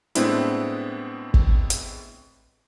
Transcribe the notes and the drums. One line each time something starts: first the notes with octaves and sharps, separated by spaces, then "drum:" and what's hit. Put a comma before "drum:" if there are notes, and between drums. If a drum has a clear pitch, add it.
A2 G#3 B3 C4 D4 E4, drum: hi-hat
drum: kick
drum: hi-hat